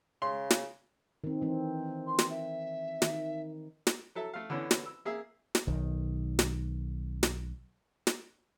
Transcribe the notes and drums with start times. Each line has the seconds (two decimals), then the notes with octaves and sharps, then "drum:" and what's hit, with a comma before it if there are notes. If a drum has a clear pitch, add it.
0.22 C#3 C6
0.51 drum: snare
1.24 D#3 C4
1.42 E3 C4
2.07 C6
2.19 drum: snare
2.30 E5
3.02 D#3, drum: snare
3.87 drum: snare
4.15 F#3 A4 E5
4.34 A3 F5
4.50 D3 E3 B3 C#4
4.71 drum: snare
4.86 E6
5.05 A#3 G#4 E5
5.55 drum: snare
5.67 B1 D#3
6.39 drum: snare
7.23 drum: snare
8.07 drum: snare